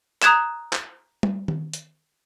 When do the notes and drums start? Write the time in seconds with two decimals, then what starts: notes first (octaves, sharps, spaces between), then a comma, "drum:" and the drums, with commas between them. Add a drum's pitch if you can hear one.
0.22 A#5 D#6 F#6 G#6 E7, drum: clap
0.73 drum: clap
1.23 drum: tom
1.48 drum: tom D#3
1.73 drum: hi-hat